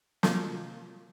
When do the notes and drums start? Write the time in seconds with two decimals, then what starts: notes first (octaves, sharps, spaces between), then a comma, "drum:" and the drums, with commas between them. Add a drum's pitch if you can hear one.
0.23 C3 F#3 A#3 F4, drum: snare